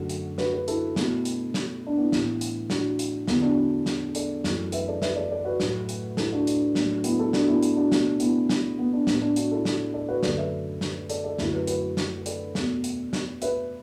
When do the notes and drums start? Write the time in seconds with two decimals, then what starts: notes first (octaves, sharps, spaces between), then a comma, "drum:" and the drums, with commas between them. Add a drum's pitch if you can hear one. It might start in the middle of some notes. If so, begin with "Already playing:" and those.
Already playing: F#2 D3 A3 F#4
0.09 drum: hi-hat
0.38 F#4 B4, drum: snare
0.53 F#4 B4
0.68 E4 A4, drum: hi-hat
0.96 B2 A3, drum: snare
1.25 drum: hi-hat
1.54 drum: snare
1.87 D4
1.98 B3 E4
2.12 A2 E3 A3, drum: snare
2.41 drum: hi-hat
2.70 D4 F#4, drum: snare
2.99 drum: hi-hat
3.27 E2 D3 A3 B3 E4, drum: snare
3.42 D4 F#4
3.58 D4
3.86 drum: snare
4.15 A4 D5, drum: hi-hat
4.44 F#2 E3 A3, drum: snare
4.72 B4 E5, drum: hi-hat
4.88 A4 D5
5.02 B4 E5, drum: snare
5.16 A4 D5
5.31 A4 D5
5.45 F#4 B4
5.60 A2 F#3 A3, drum: snare
5.89 drum: hi-hat
6.17 E4 A4, drum: snare
6.32 D4 F#4
6.47 D4, drum: hi-hat
6.75 A2 F#3 A3, drum: snare
7.04 B3 E4, drum: hi-hat
7.19 E4 A4
7.33 D4 F#4, drum: snare
7.47 B3 E4
7.63 drum: hi-hat
7.77 D4 F#4
7.92 B2 A3, drum: snare
8.20 B3 E4, drum: hi-hat
8.49 drum: snare
8.79 B3
8.93 D4
9.07 A2 A3 B3, drum: snare
9.21 D4
9.36 D4 F#4, drum: hi-hat
9.51 E4 A4
9.65 drum: snare
9.94 A4 D5
10.09 F#4 B4
10.23 F#2 D3 A3 A4 D5, drum: snare
10.37 B4 E5
10.81 drum: snare
11.10 A4 D5, drum: hi-hat
11.24 A4 D5
11.39 F#2 D3 F#3 A3 E4 A4, drum: snare
11.53 F#4 B4
11.67 F#4 B4, drum: hi-hat
11.97 drum: snare
12.26 A4 D5, drum: hi-hat
12.55 E2 B2 A3, drum: snare
12.84 drum: hi-hat
13.13 drum: snare
13.42 B4 E5, drum: hi-hat